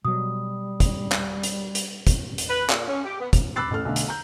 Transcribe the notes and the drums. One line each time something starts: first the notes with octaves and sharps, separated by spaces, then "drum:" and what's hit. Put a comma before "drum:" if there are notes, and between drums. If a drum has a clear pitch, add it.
B2 F#3 G3 D#6
drum: kick, hi-hat
drum: clap
drum: hi-hat
drum: hi-hat
drum: kick, hi-hat
drum: hi-hat
B4
A#2, drum: clap
C#4
G4
B3
drum: kick, hi-hat
B5 D6 E6 F#6 A6 C7
A1 A4 F6
B1 D3 A3
drum: hi-hat
A#5 G6